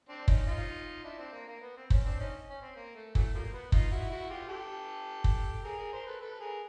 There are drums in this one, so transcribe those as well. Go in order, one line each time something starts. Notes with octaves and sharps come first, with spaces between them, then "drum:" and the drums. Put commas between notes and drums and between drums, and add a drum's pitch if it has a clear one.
C4 D4
C#4 D#4, drum: kick
D#4 F4
D4 E4
C4 D4
A#3
A#3
B3
C4
C#4, drum: kick
C4 D4
C#4 D#4
C#4
C4
A#3
A3
E3 F#3 A3, drum: kick
F3 G3 A#3
B3
D#4 F4, drum: kick
E4 F#4
E4 F#4
F4 G4
G4 A4
drum: kick
G#4 A#4
G#4 A#4
A#4 C5
A4 B4
A4 B4
G#4 A#4